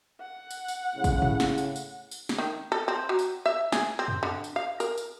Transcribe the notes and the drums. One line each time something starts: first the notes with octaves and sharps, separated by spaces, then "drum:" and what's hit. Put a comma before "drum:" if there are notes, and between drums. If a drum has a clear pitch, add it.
F#5
drum: tambourine
drum: tambourine
A2 C#3
drum: kick, tambourine
drum: tom G#2
drum: snare
drum: tambourine
drum: tambourine
drum: tambourine
drum: snare
D#3
A4
C4
F#3
drum: tambourine
E5
G#4, drum: snare
C4
drum: tom F2
D3
drum: tambourine
F5
A#4, drum: tambourine
drum: tambourine